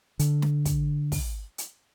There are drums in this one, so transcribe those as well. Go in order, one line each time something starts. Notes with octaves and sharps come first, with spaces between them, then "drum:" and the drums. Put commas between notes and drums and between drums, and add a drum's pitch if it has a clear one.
D3, drum: hi-hat
drum: snare
drum: kick, hi-hat
drum: kick, open hi-hat
drum: hi-hat